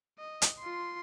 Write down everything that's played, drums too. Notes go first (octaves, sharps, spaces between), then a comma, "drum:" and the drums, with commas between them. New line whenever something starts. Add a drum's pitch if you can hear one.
D#5
drum: hi-hat
F4 C6